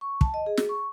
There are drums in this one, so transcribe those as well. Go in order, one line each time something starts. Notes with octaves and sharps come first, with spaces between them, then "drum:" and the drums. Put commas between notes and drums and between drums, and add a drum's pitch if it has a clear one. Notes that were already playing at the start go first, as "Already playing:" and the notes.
C#6
A5, drum: kick
D#5
G#4
drum: snare
C#6